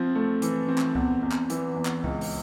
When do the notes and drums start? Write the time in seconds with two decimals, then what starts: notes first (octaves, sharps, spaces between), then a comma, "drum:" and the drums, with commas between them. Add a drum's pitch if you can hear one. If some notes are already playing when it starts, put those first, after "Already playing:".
Already playing: F3 C4
0.15 A3
0.42 E3, drum: hi-hat
0.68 C4
0.78 drum: clap
0.95 E2, drum: kick C#2
1.23 E2
1.32 drum: clap
1.50 E3, drum: hi-hat
1.76 E2
1.85 drum: clap
2.04 C#2, drum: kick C#2
2.21 drum: open hi-hat